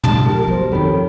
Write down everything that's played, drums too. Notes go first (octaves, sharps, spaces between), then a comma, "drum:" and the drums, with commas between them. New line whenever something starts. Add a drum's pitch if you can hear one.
A5, drum: tom
F3 G4 A#4
B1 G2 B2 C5
F2 D#3 G4 A4 C#5 B5